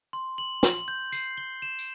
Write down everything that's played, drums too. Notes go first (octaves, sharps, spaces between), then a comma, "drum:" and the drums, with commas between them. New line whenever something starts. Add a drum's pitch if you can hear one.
C6
F#7
F#7, drum: snare
G6
C7, drum: tambourine
G7
E7
drum: tambourine